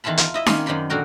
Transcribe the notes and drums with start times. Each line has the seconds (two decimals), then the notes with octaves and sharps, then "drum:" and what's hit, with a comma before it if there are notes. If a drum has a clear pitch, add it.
0.04 E2 D#3 E3 F4 A5 B5
0.17 F4, drum: hi-hat
0.34 E4 D#5 E5
0.46 D#3 A#3 C4 C#4 F4 C#5, drum: snare D#4
0.66 F#2 D#3 C5 D5 B5 C6
0.90 A#2 D3 F#4 A#4 G5